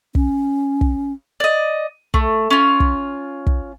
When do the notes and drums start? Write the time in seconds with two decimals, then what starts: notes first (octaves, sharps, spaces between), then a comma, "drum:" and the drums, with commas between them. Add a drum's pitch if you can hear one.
0.15 C#4, drum: kick
0.81 drum: kick
1.40 D5 D#5
2.14 A3, drum: kick
2.50 C#4 F4
2.80 drum: kick
3.47 drum: kick